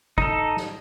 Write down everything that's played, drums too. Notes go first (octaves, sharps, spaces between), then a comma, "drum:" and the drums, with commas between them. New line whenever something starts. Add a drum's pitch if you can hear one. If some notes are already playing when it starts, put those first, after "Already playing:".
D#4 A4, drum: kick
drum: snare